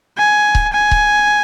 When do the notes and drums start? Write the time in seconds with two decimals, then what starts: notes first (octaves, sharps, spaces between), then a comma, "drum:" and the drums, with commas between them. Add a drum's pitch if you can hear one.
0.17 G#5
0.55 drum: kick C#1
0.73 G#5
0.91 drum: kick C#1